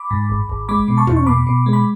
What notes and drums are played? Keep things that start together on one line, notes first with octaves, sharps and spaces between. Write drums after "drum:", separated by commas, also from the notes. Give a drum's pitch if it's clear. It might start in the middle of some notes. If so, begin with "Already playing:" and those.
Already playing: B5 D6
G#2
G#1
G#1
G#3 B5 D6
B2
A5 C#6
E2, drum: tom
C#6
B2 B5 D6
B2
G#3
B5